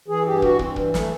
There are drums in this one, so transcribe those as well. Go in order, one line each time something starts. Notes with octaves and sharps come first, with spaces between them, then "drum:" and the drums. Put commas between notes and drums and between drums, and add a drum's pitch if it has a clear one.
E3 G#4
G2 G4
E3 F#4, drum: kick
G2 C4, drum: kick
E3, drum: kick
A3, drum: snare